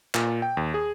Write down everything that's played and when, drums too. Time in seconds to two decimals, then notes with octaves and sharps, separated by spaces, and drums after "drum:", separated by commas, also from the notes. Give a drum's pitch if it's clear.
0.14 A#2, drum: clap
0.42 G5
0.57 D#2
0.74 G#4